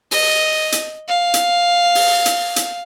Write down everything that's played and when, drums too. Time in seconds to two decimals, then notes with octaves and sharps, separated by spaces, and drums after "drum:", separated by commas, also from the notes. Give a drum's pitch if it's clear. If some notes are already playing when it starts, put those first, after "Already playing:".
0.11 D#5, drum: open hi-hat
0.72 drum: hi-hat
1.08 F5
1.34 drum: hi-hat
1.95 drum: open hi-hat
2.26 drum: hi-hat
2.56 drum: hi-hat